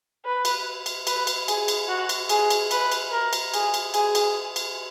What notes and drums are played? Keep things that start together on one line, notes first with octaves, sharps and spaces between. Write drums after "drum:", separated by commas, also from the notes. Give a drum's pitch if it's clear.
B4
drum: cymbal
drum: cymbal
B4, drum: cymbal
drum: cymbal
G#4, drum: cymbal
drum: cymbal
F#4
drum: cymbal
G#4, drum: cymbal
drum: cymbal
B4, drum: cymbal
drum: cymbal
A#4
drum: cymbal
G#4, drum: cymbal
drum: cymbal
G#4, drum: cymbal
drum: cymbal
drum: cymbal